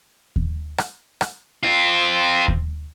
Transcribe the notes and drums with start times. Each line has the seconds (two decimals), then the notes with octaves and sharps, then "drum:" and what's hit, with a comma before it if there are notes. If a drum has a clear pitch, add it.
0.36 drum: kick D#2
0.78 drum: rim click
1.21 drum: rim click
1.63 C4 F4
2.48 drum: kick D#2